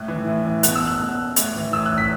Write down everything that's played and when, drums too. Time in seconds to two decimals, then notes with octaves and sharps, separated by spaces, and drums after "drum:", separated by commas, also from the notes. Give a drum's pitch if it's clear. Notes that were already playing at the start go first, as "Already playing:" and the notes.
Already playing: A2 F#6
0.08 E3
0.26 A2
0.45 E3
0.63 B2 F#6, drum: hi-hat
0.75 E6
0.87 F#6
1.00 B2
1.36 A2, drum: hi-hat
1.55 E3
1.73 A2 E6
1.86 F#6
1.92 E3
1.98 B6